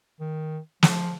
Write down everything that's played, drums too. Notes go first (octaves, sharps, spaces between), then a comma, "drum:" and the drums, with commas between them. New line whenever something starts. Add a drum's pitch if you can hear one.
D#3
F3, drum: snare